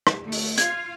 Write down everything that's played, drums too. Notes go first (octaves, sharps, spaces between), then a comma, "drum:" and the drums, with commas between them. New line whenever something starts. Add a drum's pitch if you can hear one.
drum: rim click
D2 A3
drum: open hi-hat
F4 F5 G#6, drum: hi-hat